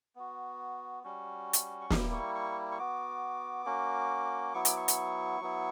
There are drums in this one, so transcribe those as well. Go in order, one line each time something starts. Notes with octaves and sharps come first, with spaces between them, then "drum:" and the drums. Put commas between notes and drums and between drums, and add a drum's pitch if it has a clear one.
B3 F#4
G3 C#4 F#4
drum: hi-hat
C#6
G3 A#3 E4 D6, drum: snare
D6
C#6
C#6
C#6
B3 F#4 D6
A#3 C#4 F#4
F#3 B3 E4 C#6
D6, drum: hi-hat
C#6
drum: hi-hat
F#3 B3 E4